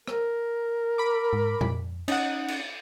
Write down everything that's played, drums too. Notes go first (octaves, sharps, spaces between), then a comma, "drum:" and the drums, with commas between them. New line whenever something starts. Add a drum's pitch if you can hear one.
A#4, drum: rim click
B5 D6
G#2
F2, drum: tom A#2
C#4 D#4 F#5, drum: cymbal
drum: cymbal